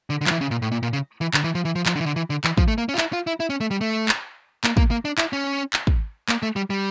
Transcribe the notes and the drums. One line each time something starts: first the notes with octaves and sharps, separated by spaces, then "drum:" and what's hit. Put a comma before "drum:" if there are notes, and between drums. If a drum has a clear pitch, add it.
D3
D3
F3, drum: clap
E3
C#3
A#2
A2
A#2
A#2
C#3
E3
D3, drum: clap
E3
F3
E3
F3
F3, drum: clap
D3
E3
D3
E3
D3
E3, drum: clap
F3, drum: kick
A3
A#3
C#4
F4
E4, drum: clap
F4
E4
E4
C#4
A3
G3
A3
drum: clap
A#3, drum: clap
A#3, drum: kick
A#3
D4
E4, drum: clap
C#4
drum: clap
drum: kick
A#3, drum: clap
A3
G3
G3